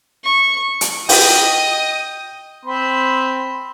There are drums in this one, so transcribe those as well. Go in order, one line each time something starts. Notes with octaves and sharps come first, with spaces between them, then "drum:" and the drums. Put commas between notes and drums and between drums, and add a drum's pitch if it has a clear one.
C#6
drum: hi-hat
D#5 G5 D#6, drum: open hi-hat
C4 B5 C6